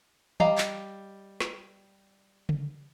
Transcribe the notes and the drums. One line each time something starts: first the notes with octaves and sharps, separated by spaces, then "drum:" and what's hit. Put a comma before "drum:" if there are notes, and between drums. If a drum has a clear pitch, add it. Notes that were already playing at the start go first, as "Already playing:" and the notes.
G3 D#5 F5 A#5, drum: tom
drum: clap
drum: snare
drum: tom C#3